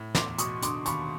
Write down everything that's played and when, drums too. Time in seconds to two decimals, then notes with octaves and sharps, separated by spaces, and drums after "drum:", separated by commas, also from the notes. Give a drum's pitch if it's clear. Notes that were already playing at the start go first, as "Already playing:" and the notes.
Already playing: A2
0.15 E2 C6 D6, drum: snare
0.38 B2 C#6 D#6, drum: hi-hat
0.62 D3 C6 D6, drum: hi-hat
0.86 D#2 B5 C#6, drum: hi-hat